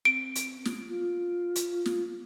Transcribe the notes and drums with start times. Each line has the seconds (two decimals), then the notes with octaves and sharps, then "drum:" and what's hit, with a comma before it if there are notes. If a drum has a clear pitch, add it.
0.05 C4 D7
0.35 drum: hi-hat
0.65 drum: snare
0.89 F4
1.56 drum: hi-hat
1.86 drum: snare